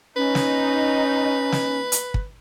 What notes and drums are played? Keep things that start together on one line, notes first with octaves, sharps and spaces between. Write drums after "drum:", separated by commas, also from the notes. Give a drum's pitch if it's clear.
C#4 D#4 B4
drum: snare
drum: snare
drum: hi-hat
drum: kick